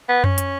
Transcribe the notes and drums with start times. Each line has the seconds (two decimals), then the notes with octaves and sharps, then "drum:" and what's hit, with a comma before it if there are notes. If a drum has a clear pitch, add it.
0.08 B3
0.24 C#4, drum: tom F#2
0.38 drum: hi-hat